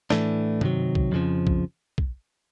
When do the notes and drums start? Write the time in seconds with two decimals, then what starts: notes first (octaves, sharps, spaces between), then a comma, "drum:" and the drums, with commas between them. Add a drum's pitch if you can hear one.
0.10 A2 E3 A3 D4, drum: snare
0.61 C3 D#3 F#3, drum: tom G2
0.95 drum: kick B1
1.12 F2 C#3 F3
1.47 drum: kick B1
1.98 drum: kick B1